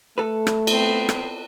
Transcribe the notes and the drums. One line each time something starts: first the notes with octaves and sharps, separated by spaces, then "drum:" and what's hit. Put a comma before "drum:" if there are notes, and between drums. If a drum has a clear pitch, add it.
A3 A4 B4
drum: rim click
B3 C4, drum: cymbal
drum: rim click